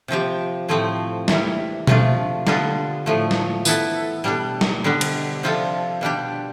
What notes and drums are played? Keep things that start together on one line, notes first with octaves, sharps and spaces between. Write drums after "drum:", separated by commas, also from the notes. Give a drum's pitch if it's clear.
C3 F3 C4 G4
A2 F3 A3 C4
C3 E3 G3, drum: snare
C3 F3 A3 D4 F4, drum: tom B2
D3 G3 B3 F4 A4, drum: snare
A2 F3 A3
drum: snare
E3 B3 E4 A4, drum: tambourine
B2 G3 D4 A4
drum: snare
D3 G3 B3 D4
drum: cymbal
C3 F3 C4 F4 A4
B2 G3 D4 G4